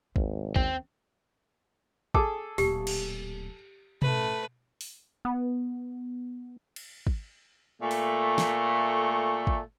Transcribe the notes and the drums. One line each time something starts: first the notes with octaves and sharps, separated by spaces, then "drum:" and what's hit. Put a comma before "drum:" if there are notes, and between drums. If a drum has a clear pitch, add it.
G#1 D#2, drum: kick
D#2 C4 C#4, drum: kick
G#4 A4 D6, drum: kick
D1 A#2 G4, drum: open hi-hat
drum: cymbal
A1 A3 B4, drum: tom B2
drum: open hi-hat
B3
drum: cymbal
drum: kick
A#2 A3
drum: open hi-hat
drum: snare
drum: kick